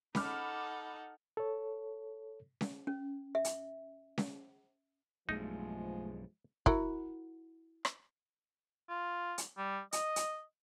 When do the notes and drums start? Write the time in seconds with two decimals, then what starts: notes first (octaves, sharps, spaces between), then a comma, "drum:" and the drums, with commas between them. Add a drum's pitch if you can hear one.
0.15 D#4 A4 F#5 B5 D6 F6, drum: snare C#4
1.37 A4 C#5
2.61 drum: snare C#4
2.87 C#4
3.35 E5
3.45 drum: hi-hat
4.18 drum: snare C#4
5.29 B1 G2 F3 G#3 A3 D#4
6.66 E4 F#4 A#4, drum: kick
7.85 drum: rim click
8.89 F4
9.38 drum: hi-hat
9.58 G3
9.92 D#5, drum: hi-hat
10.16 drum: hi-hat